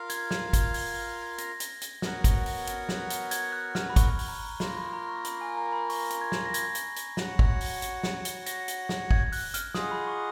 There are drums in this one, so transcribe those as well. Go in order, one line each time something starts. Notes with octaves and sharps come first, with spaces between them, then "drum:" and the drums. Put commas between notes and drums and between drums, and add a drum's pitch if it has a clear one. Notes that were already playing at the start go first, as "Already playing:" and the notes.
Already playing: F4 A#4 F5
G#6, drum: hi-hat
G#6, drum: snare
G#6, drum: kick, hi-hat
G#6, drum: open hi-hat
G#6
G#6
A#6, drum: hi-hat
drum: hi-hat
drum: hi-hat
B3 F#4 A#4 C#5 F#5, drum: snare
drum: kick, hi-hat
drum: open hi-hat
drum: hi-hat
drum: snare
drum: hi-hat
G#6, drum: hi-hat
F#6
F6, drum: snare
B5
C#6, drum: kick, hi-hat
B5, drum: open hi-hat
A#5
A#3 F4 A#4 B5, drum: snare
B5
A#5
C#6
B5, drum: hi-hat
G#5
A#5
B5
C#6, drum: open hi-hat
drum: hi-hat
G#6
drum: snare
A#6
G#6, drum: hi-hat
drum: hi-hat
drum: hi-hat
F#4 C#5 F#5, drum: snare
drum: kick
drum: open hi-hat
drum: hi-hat
drum: snare
drum: hi-hat
A#6, drum: hi-hat
drum: hi-hat
drum: snare
G#6, drum: kick
F#6, drum: open hi-hat
F6, drum: hi-hat
F4 G#4 D#5 F#5 D#6, drum: snare
B5
C#6